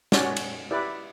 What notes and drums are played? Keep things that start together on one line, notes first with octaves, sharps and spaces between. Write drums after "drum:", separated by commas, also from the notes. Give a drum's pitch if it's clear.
C#4 F#4 C#5 D5, drum: snare
drum: cymbal
E4 G4 B4 D5